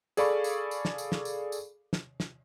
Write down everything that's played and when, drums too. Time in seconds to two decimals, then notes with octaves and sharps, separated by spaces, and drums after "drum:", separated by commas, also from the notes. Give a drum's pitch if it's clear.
0.17 G#4 A4 D5 F5 B5 C#6, drum: tambourine
0.44 drum: tambourine
0.71 drum: tambourine
0.85 drum: snare
0.98 drum: tambourine
1.12 drum: snare
1.25 drum: tambourine
1.52 drum: tambourine
1.93 drum: snare
2.20 drum: snare